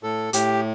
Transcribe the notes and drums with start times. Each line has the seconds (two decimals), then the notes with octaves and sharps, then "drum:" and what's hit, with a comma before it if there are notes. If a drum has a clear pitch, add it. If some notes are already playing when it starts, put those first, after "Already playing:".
0.03 A2 A4
0.33 A2 G4, drum: hi-hat